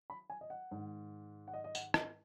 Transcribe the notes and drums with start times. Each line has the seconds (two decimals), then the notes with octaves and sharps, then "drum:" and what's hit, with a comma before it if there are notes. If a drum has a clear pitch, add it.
0.10 B5
0.30 G#5
0.41 D#5
0.50 F#5
0.71 G#2 D#3
1.48 F#5
1.53 D#5
1.64 D#5
1.75 F#5, drum: tambourine
1.94 D#5, drum: rim click